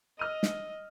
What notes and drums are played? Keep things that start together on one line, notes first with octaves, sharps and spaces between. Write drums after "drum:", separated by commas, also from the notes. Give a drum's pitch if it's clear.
D#5 E6 F6 D#7
drum: snare